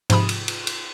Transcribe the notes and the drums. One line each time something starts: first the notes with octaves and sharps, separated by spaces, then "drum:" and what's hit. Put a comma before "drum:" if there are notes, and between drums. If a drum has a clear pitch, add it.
G#2 C3 F3 B5 D#6, drum: cymbal
drum: cymbal
drum: cymbal
drum: cymbal